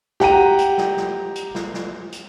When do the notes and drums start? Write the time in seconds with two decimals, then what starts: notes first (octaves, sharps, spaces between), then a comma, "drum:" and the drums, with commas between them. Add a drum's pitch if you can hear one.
0.20 G4 F#5 A#5 D#7, drum: snare
0.59 drum: hi-hat
0.78 drum: snare
0.97 drum: snare
1.35 drum: hi-hat
1.55 drum: snare
1.74 drum: snare
2.12 drum: hi-hat